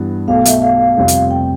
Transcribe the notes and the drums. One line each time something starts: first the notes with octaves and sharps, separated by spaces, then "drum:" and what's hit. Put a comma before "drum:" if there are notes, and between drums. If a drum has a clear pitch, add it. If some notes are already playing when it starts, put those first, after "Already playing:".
Already playing: G2 E3 G3 B3
B1 B2 A3 F5
E5, drum: hi-hat
F5
F1 F2 C3 G3 C4
drum: hi-hat
G5